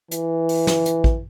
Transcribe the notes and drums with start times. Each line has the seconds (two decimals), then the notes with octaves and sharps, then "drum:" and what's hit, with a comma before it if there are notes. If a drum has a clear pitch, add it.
0.11 E3, drum: hi-hat
0.49 drum: open hi-hat
0.67 drum: snare
0.86 drum: hi-hat
1.04 drum: kick